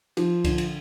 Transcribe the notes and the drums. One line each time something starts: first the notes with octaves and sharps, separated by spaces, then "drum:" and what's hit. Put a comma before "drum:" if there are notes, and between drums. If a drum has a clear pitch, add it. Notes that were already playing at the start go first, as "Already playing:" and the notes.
F3, drum: cymbal
D3, drum: kick C2, cymbal
drum: cymbal